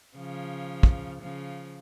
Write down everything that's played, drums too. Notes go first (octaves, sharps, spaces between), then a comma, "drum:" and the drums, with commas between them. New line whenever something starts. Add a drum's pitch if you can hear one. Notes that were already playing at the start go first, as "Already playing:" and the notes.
C#3 F3
drum: kick
C#3 F3